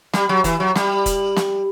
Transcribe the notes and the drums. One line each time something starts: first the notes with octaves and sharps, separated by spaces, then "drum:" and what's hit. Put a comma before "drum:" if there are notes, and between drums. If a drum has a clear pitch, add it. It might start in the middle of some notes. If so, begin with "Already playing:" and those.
G3, drum: snare
F#3
E3, drum: kick, hi-hat
F#3
G3, drum: snare
drum: kick, hi-hat
drum: snare